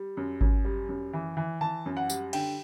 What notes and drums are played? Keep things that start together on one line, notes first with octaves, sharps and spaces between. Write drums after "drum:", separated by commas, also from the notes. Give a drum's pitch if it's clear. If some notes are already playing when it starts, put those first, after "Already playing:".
Already playing: G3
F#2
F#2, drum: kick G#1
G3
F#2
E3
E3
E3 A5
F#2
F#5
G3, drum: tambourine
D3 G5, drum: cymbal